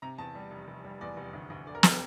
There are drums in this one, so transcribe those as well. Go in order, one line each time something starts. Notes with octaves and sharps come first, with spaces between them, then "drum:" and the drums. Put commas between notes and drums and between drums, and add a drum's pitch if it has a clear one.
C3 A#5
E2 A5
G3
F1
F1
G3
E2 D5
F1
D2
D2
D3 D5
A#4
A4, drum: snare
G4